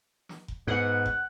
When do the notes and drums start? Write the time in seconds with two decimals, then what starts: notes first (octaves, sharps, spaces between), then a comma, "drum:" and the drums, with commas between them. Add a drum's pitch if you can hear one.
0.29 drum: snare
0.48 drum: kick F1
0.67 G#2 B3 F#5
1.06 drum: kick F1